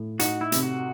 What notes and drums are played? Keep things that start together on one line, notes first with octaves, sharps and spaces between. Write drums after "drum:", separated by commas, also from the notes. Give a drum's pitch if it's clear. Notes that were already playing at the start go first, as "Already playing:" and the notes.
Already playing: A2
D#4 F#4, drum: hi-hat
E4
C3, drum: hi-hat
F#4